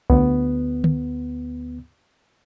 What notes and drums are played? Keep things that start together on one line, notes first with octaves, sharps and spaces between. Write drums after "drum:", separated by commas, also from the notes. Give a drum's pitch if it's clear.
D2 B3, drum: kick B1
drum: tom D3